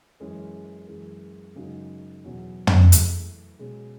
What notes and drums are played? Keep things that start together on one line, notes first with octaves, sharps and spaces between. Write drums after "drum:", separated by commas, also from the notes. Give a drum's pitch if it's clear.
F#2 E3 G#3 C#4 G#4
F#2 E3 G#3
F#2 C#3 G#3 D#4 F#4
E2 B2 F#3 C#4 E4
drum: tom
E3 A3 E4 G#4, drum: hi-hat
B2 G#3 C#4 G#4